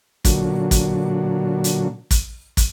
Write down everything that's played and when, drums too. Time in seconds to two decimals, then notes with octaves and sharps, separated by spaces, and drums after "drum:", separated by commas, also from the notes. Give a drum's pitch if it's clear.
0.25 A#2 D3 F#3, drum: kick, hi-hat
0.71 drum: kick, hi-hat
1.64 drum: hi-hat
2.11 drum: kick, hi-hat
2.57 drum: kick, hi-hat